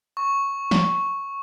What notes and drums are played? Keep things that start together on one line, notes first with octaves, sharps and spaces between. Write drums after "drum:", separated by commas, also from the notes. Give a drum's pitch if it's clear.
C#6
drum: snare